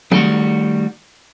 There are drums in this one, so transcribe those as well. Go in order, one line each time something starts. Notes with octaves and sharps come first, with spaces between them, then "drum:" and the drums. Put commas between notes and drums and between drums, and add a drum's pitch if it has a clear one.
D#3 G3 A3 F#4, drum: tom